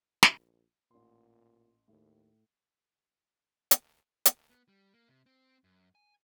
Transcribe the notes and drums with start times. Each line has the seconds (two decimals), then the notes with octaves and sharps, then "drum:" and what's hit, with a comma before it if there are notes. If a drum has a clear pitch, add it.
0.23 A#1, drum: snare
0.91 A1 A#2 C6
1.88 D#2 A2
3.71 drum: hi-hat
4.26 drum: hi-hat
4.50 B3
4.68 G3
4.94 A#3
5.08 C3
5.26 C4
5.64 F#2
5.95 G#5